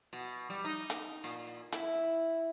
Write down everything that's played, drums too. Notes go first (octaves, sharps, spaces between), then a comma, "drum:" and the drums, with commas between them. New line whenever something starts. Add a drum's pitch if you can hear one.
B2
G3
D#4
drum: hi-hat
A#2
E4, drum: hi-hat